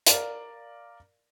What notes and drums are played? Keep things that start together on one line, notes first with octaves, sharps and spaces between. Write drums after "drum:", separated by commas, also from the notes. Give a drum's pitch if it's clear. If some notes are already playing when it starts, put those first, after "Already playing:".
A#4 D5 F5, drum: hi-hat